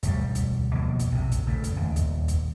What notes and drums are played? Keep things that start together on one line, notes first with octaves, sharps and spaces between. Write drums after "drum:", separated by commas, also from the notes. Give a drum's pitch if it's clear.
E1 D2 G3, drum: kick, hi-hat
drum: kick, hi-hat
B2 F3 A#3
drum: kick, hi-hat
A#1 C3
drum: kick, hi-hat
C#3 A3
drum: kick, hi-hat
D#1 D#2
drum: kick, hi-hat
drum: kick, hi-hat